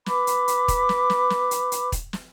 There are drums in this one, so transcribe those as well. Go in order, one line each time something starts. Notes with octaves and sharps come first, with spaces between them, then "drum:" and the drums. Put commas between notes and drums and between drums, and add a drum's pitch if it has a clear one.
B4 B5 D6, drum: snare
drum: hi-hat
drum: hi-hat
drum: kick, hi-hat
drum: snare
drum: snare
drum: snare
drum: hi-hat
drum: hi-hat
drum: kick, hi-hat
drum: snare